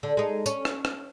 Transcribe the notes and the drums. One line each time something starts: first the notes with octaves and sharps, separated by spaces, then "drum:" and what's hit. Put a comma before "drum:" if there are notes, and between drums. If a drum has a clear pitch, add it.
D3
G#3 D#4
C#4, drum: tambourine
drum: rim click
drum: rim click